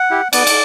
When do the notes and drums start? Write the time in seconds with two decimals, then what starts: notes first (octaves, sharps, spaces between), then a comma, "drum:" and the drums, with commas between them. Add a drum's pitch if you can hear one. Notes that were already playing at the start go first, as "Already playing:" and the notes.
Already playing: F#5
0.11 E4 G4
0.33 B3 D5, drum: cymbal
0.47 drum: cymbal